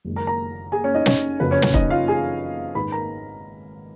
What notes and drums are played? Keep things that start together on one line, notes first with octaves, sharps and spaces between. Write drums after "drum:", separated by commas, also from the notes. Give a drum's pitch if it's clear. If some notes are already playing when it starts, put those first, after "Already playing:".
F#1 F#2 D#3 G#3
A#4 A#5
A#4 A#5
G#4 G#5
C#4 C#5
D#4 D#5
C#4 C#5, drum: snare
F#1 F2 C#3 F#3 B4
C#4 C#5
C#4 C#5, drum: snare
D#4 D#5, drum: kick
F4 F5
G#4 G#5
G#1 G#2 D#3 G#3 B4 B5
A#4 A#5